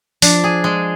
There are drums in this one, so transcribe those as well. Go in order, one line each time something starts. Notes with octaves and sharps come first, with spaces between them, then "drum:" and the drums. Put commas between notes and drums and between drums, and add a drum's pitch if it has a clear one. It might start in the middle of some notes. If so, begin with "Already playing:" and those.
F3 D4, drum: open hi-hat
G#4
G#3